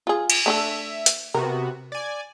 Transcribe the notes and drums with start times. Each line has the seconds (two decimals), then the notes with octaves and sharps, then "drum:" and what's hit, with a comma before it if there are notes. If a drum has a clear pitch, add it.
0.07 F4 G#4
0.30 drum: cymbal
0.46 A3 D4 A4 E5
1.06 drum: hi-hat
1.34 C3 B3 F#4 A#4
1.92 D5 G#5